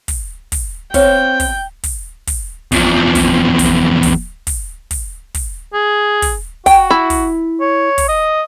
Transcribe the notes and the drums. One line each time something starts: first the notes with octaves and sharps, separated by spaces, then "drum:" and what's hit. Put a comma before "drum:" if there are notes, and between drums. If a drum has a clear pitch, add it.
drum: kick, open hi-hat
drum: kick, open hi-hat
C4 C#5 F5 G5, drum: kick, open hi-hat
drum: kick, open hi-hat
drum: kick, open hi-hat
drum: kick, open hi-hat
E2 F3, drum: kick, open hi-hat
drum: kick, open hi-hat
drum: kick, open hi-hat
drum: kick, open hi-hat
drum: kick, open hi-hat
drum: kick, open hi-hat
drum: kick, open hi-hat
G#4
drum: kick, open hi-hat
F#4 G5, drum: kick, open hi-hat
E4
drum: kick, open hi-hat
C#5
drum: kick, open hi-hat
D#5